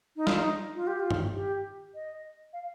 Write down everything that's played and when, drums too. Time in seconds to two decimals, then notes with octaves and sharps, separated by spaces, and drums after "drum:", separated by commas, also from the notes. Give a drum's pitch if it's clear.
0.16 D#4
0.27 F4, drum: snare
0.37 D#4
0.75 F4
0.87 G4
1.00 F4
1.11 drum: tom G2
1.34 G4
1.95 D#5
2.53 F5